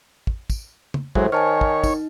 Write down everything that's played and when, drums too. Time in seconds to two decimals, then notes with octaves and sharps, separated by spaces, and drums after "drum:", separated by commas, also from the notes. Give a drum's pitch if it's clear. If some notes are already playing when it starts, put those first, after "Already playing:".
0.27 drum: kick
0.50 drum: kick, tambourine
0.94 drum: tom
1.15 A2 F#3 G#3 C5, drum: kick
1.32 D#3 C#5 G#5 A5 F6
1.61 drum: kick
1.84 D#4, drum: kick, tambourine